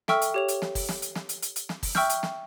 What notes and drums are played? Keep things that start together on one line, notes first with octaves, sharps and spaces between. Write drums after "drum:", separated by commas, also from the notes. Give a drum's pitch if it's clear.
A4 E5 G5 C#6 E6 F6, drum: snare
drum: hi-hat
G4 C#5 F7
drum: hi-hat
drum: snare
drum: kick, open hi-hat
drum: snare
drum: hi-hat
drum: snare
drum: hi-hat
drum: hi-hat
drum: hi-hat
drum: snare
drum: kick, open hi-hat
E5 G5 C#6 E6 F6 G6, drum: snare
drum: hi-hat
drum: snare